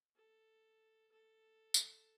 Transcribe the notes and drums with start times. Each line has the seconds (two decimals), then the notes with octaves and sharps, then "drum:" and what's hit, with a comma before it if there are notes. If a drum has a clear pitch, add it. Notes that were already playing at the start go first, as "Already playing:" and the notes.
0.16 A4
1.12 A4
1.74 drum: tambourine